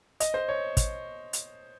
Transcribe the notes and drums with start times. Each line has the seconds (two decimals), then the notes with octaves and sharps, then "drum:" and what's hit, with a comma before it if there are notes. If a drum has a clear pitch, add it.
0.20 D#5, drum: hi-hat
0.34 C5
0.49 C#5
0.77 drum: kick, hi-hat
1.33 drum: hi-hat